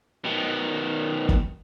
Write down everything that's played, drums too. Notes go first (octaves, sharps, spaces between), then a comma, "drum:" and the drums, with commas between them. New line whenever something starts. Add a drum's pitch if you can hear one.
B2 D#3
drum: kick